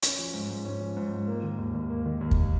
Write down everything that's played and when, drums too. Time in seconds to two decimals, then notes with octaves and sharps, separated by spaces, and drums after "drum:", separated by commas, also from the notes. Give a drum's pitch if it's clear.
0.03 C#4, drum: hi-hat
0.19 F3
0.34 G#2
0.50 G#2
0.65 C#4
0.81 F3
0.97 G#2
1.12 G#2
1.27 A#3
1.43 D#3
1.58 D#2
1.74 D#2
1.90 A#3
2.06 D#3
2.21 D#2
2.31 drum: kick